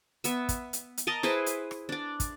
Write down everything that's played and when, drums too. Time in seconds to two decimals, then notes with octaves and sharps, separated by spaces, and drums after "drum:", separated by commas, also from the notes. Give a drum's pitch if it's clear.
0.24 B3 E5, drum: hi-hat
0.49 drum: kick, hi-hat
0.73 drum: hi-hat
0.97 drum: hi-hat
1.07 A#4 D#5 A5
1.23 E4 G#4 B4 C5, drum: rim click
1.46 drum: hi-hat
1.71 drum: rim click
1.89 D4 D5
2.20 drum: kick, hi-hat